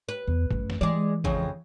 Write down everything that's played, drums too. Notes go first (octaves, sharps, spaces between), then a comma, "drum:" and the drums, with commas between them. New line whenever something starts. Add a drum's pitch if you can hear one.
B4
E2
F#2 A3, drum: kick G#1
drum: snare
E3 G#3 D5
F2 C#3 G#3, drum: kick G#1